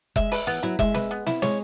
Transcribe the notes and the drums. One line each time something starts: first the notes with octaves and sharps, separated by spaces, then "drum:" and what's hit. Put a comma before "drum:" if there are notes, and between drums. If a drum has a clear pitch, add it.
G#3 E5, drum: kick F1
B4, drum: open hi-hat
E3 B3
F#3 E4, drum: hi-hat
G#3 E5, drum: kick F1
B4, drum: snare
B3
E4, drum: snare
G#3 C#5, drum: snare